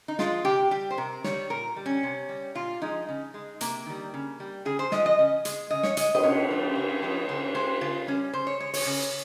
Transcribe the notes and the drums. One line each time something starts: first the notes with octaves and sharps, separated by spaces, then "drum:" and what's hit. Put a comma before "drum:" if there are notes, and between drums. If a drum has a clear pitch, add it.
D#4
F3 G#3 F4, drum: snare
C3 G4
G3 G4
C5
C3 A#4
D#3 G3 C#5, drum: snare
A#2 A#4
G3
C#4
C3
G3
A#2 F4
F3 G#3 D#4
C#3
G#3
C3 A#3, drum: hi-hat
D#3 G3
C#3
G3
C#3 G#4
C5
F3 G#3 D#5, drum: snare
D#5
C#3
G#3, drum: hi-hat
C#3 D#5
C#5, drum: snare
G#3 D#5, drum: hi-hat
D#5, drum: cymbal
C3 C#5
F3 G#3
C#3
F3 G#3
C#3 C5
G#3 C5
C#3 F4
G3 C#4
C#3 C5
C#5
G#3 C#5
C#5, drum: open hi-hat
C#3